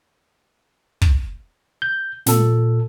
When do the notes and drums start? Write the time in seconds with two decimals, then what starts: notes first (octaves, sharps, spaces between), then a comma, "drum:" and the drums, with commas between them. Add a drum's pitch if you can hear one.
1.02 drum: kick
1.82 G6
2.26 A#2 A4, drum: snare